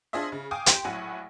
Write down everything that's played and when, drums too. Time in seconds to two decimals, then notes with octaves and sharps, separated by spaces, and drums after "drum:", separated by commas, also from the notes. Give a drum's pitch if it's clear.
0.13 D4 F4 G#4 C5 D#5 E5
0.32 C#3
0.51 F5 G5 G#5 D6 D#6
0.66 G4 G5 C6, drum: hi-hat
0.84 A#1 A2 F#3 E4 F#5 G#5